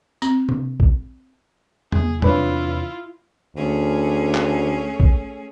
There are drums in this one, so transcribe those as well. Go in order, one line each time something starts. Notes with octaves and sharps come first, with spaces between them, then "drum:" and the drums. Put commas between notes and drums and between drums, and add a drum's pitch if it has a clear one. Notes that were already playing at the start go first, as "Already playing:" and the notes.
C4, drum: tambourine
drum: tom C3
drum: kick A#1
G#4, drum: tom
E2 C3 E3 D4 E4 F4 B4 C#5, drum: tom
D2 A3 C#4 G#4
drum: clap
drum: kick A#1